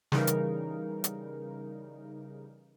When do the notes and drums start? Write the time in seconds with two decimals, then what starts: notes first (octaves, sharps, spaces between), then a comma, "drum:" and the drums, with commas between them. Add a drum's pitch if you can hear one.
0.12 C#3 E3 G3 D#4 A#4, drum: snare
0.27 drum: hi-hat
1.04 drum: hi-hat